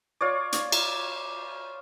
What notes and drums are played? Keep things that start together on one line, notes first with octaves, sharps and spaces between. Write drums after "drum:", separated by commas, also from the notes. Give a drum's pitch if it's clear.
F4 C#5 D5
drum: hi-hat
drum: cymbal